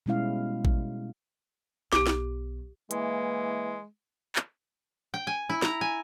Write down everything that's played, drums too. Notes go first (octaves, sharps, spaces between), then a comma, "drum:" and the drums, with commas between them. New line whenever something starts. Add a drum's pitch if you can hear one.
B2 G3 G#3 C#4 E4 F5
drum: kick A1
B1 F#3 G4 D6, drum: snare
drum: snare
E3 G#3 A#3, drum: hi-hat
drum: clap
G5
G#5
E4
A#5, drum: snare
G#5